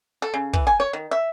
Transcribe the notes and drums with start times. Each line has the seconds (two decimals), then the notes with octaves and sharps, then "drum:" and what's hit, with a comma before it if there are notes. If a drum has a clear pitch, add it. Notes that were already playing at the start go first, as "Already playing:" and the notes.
0.22 A4
0.34 C#3
0.53 E3, drum: kick
0.67 G#5
0.80 C#5
0.93 D#3
1.11 E5